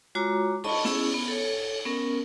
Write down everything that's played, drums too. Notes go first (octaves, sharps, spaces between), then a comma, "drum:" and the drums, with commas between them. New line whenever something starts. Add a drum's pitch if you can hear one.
G#3 F4 F#4 C#5 A#5 D6
D#5 A5 B5 C#6, drum: cymbal
B3 C#4 E4 G#4, drum: snare
B3
A4 C#5
B3 C#4 A#4